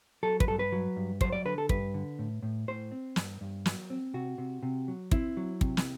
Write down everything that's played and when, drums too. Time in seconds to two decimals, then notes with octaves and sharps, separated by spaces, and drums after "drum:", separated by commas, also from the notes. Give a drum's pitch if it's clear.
0.23 F#3 A4
0.40 B4, drum: kick
0.48 G2 A4
0.59 B4
0.72 F#3
0.96 G2
1.21 F#3 C5, drum: kick
1.33 D5
1.45 D3 B4
1.58 A4
1.69 G2 B4, drum: kick
1.94 D3
2.19 A2
2.43 A2
2.68 A2 C5
2.92 C4
3.16 G2, drum: snare
3.41 G2
3.66 F#3, drum: snare
3.90 C4
4.14 C3 F#4
4.38 C3
4.63 C3
4.88 F#3
5.11 C4 E4, drum: kick
5.37 F#3
5.61 C3, drum: kick
5.77 drum: snare